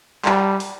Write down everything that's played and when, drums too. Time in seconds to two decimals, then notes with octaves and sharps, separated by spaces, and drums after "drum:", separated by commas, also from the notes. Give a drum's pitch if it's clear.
0.25 G3, drum: clap
0.60 drum: open hi-hat